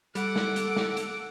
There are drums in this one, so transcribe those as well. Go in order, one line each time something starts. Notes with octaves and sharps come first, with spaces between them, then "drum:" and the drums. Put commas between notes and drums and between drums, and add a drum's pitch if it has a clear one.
G3 A4 F#5 D6, drum: hi-hat
drum: snare
drum: hi-hat
drum: snare
drum: hi-hat